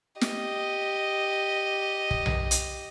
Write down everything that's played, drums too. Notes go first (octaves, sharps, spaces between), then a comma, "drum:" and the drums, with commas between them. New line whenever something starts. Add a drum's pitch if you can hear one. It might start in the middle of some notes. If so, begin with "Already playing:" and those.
G4 D#5, drum: snare
drum: kick
drum: tom B1
drum: hi-hat